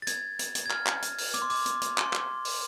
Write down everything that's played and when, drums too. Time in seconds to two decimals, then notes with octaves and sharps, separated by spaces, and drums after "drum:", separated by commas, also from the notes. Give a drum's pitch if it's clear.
0.02 A6
0.07 G#6, drum: hi-hat
0.39 drum: hi-hat
0.55 drum: hi-hat
0.66 G#6
0.70 F6, drum: clap
0.87 drum: clap
1.02 drum: hi-hat
1.18 drum: open hi-hat
1.34 D6, drum: hi-hat
1.42 C6
1.50 D6, drum: open hi-hat
1.66 drum: hi-hat
1.82 drum: hi-hat
1.98 C6, drum: clap
2.13 drum: clap
2.45 drum: open hi-hat